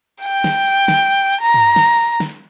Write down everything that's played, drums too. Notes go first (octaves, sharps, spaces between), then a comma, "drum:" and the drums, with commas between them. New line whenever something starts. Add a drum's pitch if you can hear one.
G5, drum: tambourine
drum: snare
drum: tambourine
drum: snare
drum: tambourine
drum: tambourine
A#5
drum: tom
drum: snare
drum: tambourine
drum: snare